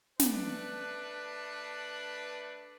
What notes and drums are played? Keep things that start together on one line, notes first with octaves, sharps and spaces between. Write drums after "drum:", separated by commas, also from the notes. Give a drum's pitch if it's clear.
A3 D4 B4, drum: snare